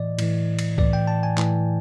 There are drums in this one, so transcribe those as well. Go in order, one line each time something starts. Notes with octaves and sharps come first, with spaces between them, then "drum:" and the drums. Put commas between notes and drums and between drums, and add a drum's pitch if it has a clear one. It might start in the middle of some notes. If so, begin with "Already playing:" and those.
Already playing: A2 E3 D5 D#5
A2 E3, drum: cymbal
drum: cymbal
A2 E3 D5, drum: kick C2
G5
A5
G#5
A2 E3, drum: clap